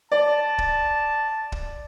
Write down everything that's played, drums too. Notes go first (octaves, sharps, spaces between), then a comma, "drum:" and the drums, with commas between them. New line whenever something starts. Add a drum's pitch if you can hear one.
D5 A5
drum: kick
drum: kick